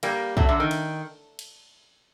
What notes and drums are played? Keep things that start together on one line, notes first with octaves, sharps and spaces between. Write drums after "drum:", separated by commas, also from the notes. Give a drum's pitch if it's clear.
G3 A#3, drum: cymbal
F#3 A3, drum: kick
D3 F#3
D#3
drum: cymbal
drum: cymbal